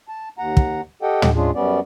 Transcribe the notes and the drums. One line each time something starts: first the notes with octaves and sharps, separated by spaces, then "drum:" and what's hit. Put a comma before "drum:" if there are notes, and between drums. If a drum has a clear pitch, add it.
A5
D#2 F#5 A#5
drum: kick
G4 A4 D#5 F#5 G5
drum: tom
G#3 C#4 D4 F4 G#4
F#2 G3 B3 C#4 D5